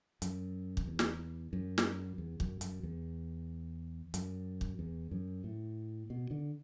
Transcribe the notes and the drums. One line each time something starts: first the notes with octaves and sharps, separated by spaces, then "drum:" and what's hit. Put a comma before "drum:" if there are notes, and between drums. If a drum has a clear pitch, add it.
F#2, drum: hi-hat
drum: kick
E2
drum: snare
F#2
drum: snare
E2
F#2, drum: kick
F#2, drum: hi-hat
E2
F#2, drum: hi-hat
drum: kick
E2
F#2
A2
B2
D3